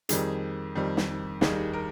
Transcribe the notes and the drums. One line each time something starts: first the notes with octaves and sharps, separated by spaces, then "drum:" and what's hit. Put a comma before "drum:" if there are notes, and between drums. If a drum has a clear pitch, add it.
F2 D#3 G3 G#4, drum: hi-hat
F2 D#3 G3
drum: snare
D#2 D#3 G3 G#4, drum: snare
A#4